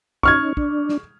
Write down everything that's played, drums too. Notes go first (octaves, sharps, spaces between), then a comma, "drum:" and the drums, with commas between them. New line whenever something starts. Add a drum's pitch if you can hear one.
C#4 D#4 C#6 F6 G#6, drum: kick
D4, drum: kick
drum: snare